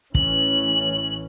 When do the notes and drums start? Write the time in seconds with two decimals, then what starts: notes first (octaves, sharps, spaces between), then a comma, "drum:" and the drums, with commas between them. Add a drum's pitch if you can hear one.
0.15 A1 E3 C#4 F#7, drum: kick